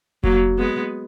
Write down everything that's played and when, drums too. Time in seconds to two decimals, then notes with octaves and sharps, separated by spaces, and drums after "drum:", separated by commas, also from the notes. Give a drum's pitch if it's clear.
0.24 F#3 A#3, drum: kick F1
0.58 G#3 B3